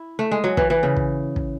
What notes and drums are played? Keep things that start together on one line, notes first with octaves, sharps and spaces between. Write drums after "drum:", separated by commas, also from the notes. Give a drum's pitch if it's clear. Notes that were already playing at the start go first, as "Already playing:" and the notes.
Already playing: E4
A3
G#3
F#3
E3, drum: kick
E3
C#3
drum: kick
drum: kick